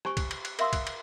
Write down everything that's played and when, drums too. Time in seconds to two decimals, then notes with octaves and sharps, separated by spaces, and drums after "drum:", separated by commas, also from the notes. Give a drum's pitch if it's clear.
0.05 G4 C5 G#5 C#6, drum: rim click
0.17 drum: kick, cymbal
0.31 drum: cymbal
0.45 drum: cymbal
0.59 A#4 E5 F5 C6 D#6 E6, drum: cymbal
0.73 drum: kick, cymbal
0.87 drum: cymbal